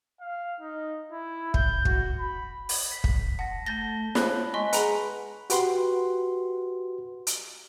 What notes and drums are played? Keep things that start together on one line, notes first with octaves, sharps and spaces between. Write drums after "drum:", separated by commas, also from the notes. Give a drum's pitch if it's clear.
F5
D#4
E4
G6, drum: kick
F#4, drum: kick
B5
drum: open hi-hat
B6
drum: kick
F#5 A5 A#6
A3 A5 G6 A6 A#6 G7
C#5 B5 F#6, drum: snare
G#3 D#5 G#5 C6 C#6 B6
G#4 B4 F#5 A#5 F7, drum: hi-hat
F#4 G4 B4 F#5 C6, drum: hi-hat
drum: hi-hat